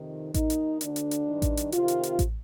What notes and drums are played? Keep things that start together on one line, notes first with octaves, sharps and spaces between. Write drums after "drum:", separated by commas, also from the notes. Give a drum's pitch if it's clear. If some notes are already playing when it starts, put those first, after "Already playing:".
Already playing: F2 C3 D#3
D#2 D#3 D#4, drum: kick A1, hi-hat
drum: hi-hat
D2 D3 D4, drum: hi-hat
drum: hi-hat
drum: hi-hat
G2 D#3
drum: kick A1, hi-hat
drum: hi-hat
F2 C3 D#3 F4, drum: hi-hat
drum: hi-hat
drum: hi-hat
drum: kick A1, hi-hat